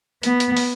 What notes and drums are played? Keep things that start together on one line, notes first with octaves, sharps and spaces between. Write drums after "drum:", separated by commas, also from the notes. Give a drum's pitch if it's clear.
B3, drum: hi-hat
drum: hi-hat
drum: open hi-hat